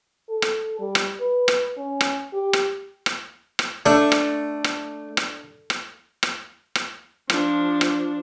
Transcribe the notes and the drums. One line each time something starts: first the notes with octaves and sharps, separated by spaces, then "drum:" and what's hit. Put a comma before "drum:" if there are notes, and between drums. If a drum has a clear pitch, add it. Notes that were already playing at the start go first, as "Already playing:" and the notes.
A4
drum: rim click
G3
drum: rim click
B4
drum: rim click
C#4
drum: rim click
G4
drum: rim click
drum: rim click
drum: rim click
A3 D4
drum: rim click
drum: rim click
drum: rim click
drum: rim click
drum: rim click
drum: rim click
F3 D4, drum: rim click
drum: rim click